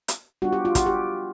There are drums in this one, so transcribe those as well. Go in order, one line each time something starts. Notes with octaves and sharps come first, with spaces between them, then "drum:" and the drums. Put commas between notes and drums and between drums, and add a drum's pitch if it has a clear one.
drum: hi-hat
G3 B3 D4 F4 F#4
G4
F4
F#4, drum: kick, hi-hat
G4